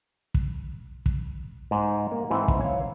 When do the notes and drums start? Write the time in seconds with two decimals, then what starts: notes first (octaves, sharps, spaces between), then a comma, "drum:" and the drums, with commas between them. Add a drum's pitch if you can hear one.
0.34 drum: kick
1.06 drum: kick
1.71 G#2
2.12 A#3
2.30 G#2 E3 C4 E5 G5
2.48 drum: kick
2.61 C#5 F5